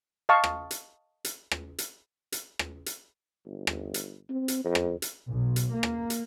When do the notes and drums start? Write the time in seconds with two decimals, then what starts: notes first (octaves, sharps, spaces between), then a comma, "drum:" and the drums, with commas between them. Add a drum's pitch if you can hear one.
0.29 D#5 F5 A5 C#6
0.44 drum: rim click
0.71 drum: hi-hat
1.25 drum: hi-hat
1.51 drum: rim click
1.78 drum: hi-hat
2.32 drum: hi-hat
2.59 drum: rim click
2.86 drum: hi-hat
3.46 G1
3.67 drum: rim click
3.94 drum: hi-hat
4.29 C4
4.48 drum: hi-hat
4.65 F2
4.75 drum: rim click
5.02 drum: hi-hat
5.29 B1
5.56 drum: hi-hat
5.74 A#3
5.83 drum: rim click
6.10 drum: hi-hat